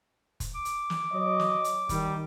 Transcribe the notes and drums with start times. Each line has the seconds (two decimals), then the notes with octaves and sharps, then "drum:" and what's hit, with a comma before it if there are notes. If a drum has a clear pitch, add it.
0.40 drum: kick F1, hi-hat
0.55 D6
0.65 drum: hi-hat
0.90 drum: snare
1.12 F#3 C#5 D#5
1.40 drum: snare
1.64 drum: hi-hat
1.89 D#3 G3, drum: kick F1, hi-hat